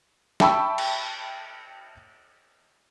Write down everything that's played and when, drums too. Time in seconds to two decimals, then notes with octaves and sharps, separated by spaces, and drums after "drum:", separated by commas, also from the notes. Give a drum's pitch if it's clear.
0.40 E5 G5 A5 B5 C#6 E6, drum: snare
0.78 drum: cymbal